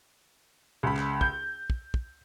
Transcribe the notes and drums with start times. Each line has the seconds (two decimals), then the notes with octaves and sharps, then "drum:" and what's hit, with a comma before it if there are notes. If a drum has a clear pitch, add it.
0.83 C#2 B5
0.97 drum: clap
1.21 G6, drum: kick
1.70 drum: kick
1.94 drum: kick